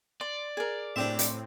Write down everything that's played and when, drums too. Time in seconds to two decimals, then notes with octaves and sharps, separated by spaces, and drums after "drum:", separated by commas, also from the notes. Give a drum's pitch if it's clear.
0.21 D5 C6
0.57 G#4 A#4
0.96 A2 C4 D4 G4 E5
1.19 drum: hi-hat